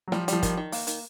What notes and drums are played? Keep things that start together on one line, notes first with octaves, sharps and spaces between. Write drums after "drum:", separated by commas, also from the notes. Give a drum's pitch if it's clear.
F#3
F3 G3, drum: snare
F3 G3, drum: hi-hat
D#3, drum: kick, hi-hat
D#3
A#3, drum: open hi-hat
D#3, drum: hi-hat